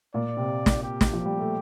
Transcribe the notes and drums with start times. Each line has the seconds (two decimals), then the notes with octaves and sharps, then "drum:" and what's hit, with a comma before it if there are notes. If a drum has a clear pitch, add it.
0.14 A#2 D5
0.37 C3
0.66 drum: snare
0.84 G4
1.01 drum: snare
1.13 F3
1.26 G3
1.39 A3